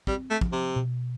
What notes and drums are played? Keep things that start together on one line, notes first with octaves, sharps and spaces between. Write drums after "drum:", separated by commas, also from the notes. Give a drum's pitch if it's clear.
G3 C4, drum: kick
A3
F3, drum: kick
C3
B2